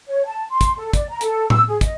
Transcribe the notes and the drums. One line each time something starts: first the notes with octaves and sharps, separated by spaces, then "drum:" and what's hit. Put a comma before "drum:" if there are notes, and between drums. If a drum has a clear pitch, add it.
C#5
A5
C6
drum: kick, hi-hat
A4
D5, drum: kick, hi-hat
A#5
A4, drum: hi-hat
E6, drum: tom A2
G#4
D#5, drum: kick, hi-hat